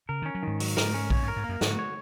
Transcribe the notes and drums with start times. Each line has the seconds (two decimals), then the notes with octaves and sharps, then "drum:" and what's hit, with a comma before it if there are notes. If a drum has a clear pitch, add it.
0.09 C#3 A#4
0.22 D#3 C#4
0.35 F#3
0.43 G#2 D#3
0.60 F#3, drum: open hi-hat
0.77 A#4, drum: snare
0.94 C#4
1.10 A#2 C#5, drum: kick A#1
1.23 G#2
1.28 A#4
1.36 G#2
1.44 F#2 A#3
1.61 G#2 F#4, drum: snare
1.79 C#5